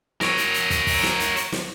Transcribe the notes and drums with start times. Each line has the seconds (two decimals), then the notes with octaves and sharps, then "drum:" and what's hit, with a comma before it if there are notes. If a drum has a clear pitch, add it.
0.21 A#4 C#5, drum: snare
0.37 drum: hi-hat
0.54 drum: hi-hat
0.70 drum: kick, hi-hat
0.87 drum: kick, open hi-hat
1.03 drum: snare
1.20 drum: hi-hat
1.36 drum: hi-hat
1.52 drum: snare